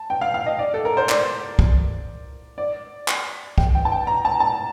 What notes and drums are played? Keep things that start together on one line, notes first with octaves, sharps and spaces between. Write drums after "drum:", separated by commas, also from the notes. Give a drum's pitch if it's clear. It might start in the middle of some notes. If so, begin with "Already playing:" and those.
Already playing: A5
G5
F5
F5
D#5
D5
A4
A#4
C5
D5, drum: clap
drum: kick
D5
drum: clap
G5, drum: kick
G5
A5
G5
A#5
A5
A5